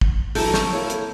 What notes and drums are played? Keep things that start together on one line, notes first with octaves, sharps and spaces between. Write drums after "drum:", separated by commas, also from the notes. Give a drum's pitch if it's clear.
drum: kick
E3 F#3 A4 G6, drum: open hi-hat
C3 C#6 G6, drum: snare
A#3 E4 C#5
drum: hi-hat